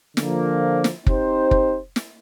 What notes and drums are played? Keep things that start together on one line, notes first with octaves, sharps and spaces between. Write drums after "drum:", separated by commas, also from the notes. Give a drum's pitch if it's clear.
D3 F3 A#3, drum: snare
drum: snare
C4 D#4 G4 C5, drum: kick
drum: kick
drum: snare